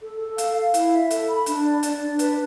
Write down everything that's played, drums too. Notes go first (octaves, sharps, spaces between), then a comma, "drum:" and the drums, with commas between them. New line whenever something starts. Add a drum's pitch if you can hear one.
A4
A4
F5, drum: hi-hat
F5
E4, drum: hi-hat
E5
A4, drum: hi-hat
B5
D4, drum: hi-hat
D5
D5, drum: hi-hat
D4
B4, drum: hi-hat